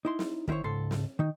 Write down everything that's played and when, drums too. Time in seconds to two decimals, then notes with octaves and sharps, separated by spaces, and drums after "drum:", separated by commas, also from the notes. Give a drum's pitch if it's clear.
0.05 D#4 E4 C6
0.19 drum: snare
0.48 D#3 G3 E4 C5 C#5, drum: kick
0.64 C#2 G#2 A4 C6
0.91 drum: snare
1.19 D#3 D#4